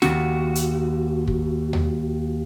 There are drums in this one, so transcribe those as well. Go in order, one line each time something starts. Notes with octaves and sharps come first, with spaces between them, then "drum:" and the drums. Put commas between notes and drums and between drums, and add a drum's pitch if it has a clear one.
D#2 F#4, drum: snare
drum: hi-hat
drum: kick
drum: tom D#2